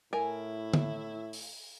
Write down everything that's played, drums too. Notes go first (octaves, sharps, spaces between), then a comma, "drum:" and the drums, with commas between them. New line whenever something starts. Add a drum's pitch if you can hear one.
A2 E4 A#4 G#5
drum: tom D3
drum: open hi-hat